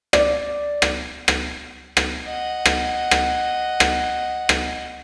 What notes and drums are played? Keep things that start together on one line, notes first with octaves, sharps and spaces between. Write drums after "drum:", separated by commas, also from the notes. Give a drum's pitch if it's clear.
D5, drum: rim click
drum: rim click
drum: rim click
drum: rim click
D#5 F#5
drum: rim click
drum: rim click
drum: rim click
drum: rim click